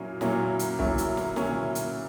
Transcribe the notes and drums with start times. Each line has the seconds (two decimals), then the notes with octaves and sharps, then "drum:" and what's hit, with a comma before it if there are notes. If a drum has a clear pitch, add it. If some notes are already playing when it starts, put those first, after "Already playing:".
Already playing: A#2 F#3 A#3 C#4 E4
0.21 A#2 F#3 A#3 C#4 E4, drum: snare
0.59 drum: hi-hat
0.79 A#2 F#3 A#3 C#4 E4, drum: kick
0.98 drum: hi-hat
1.17 drum: snare
1.36 A#2 F#3 A#3 C#4 E4, drum: snare
1.75 drum: hi-hat